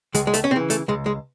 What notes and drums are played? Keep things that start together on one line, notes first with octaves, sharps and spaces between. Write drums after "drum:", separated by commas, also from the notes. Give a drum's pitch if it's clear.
C#2 G#3, drum: hi-hat
G#3
A3, drum: hi-hat
C#4
C#3 E3 C4
A3, drum: hi-hat
C#2 G#3
G#3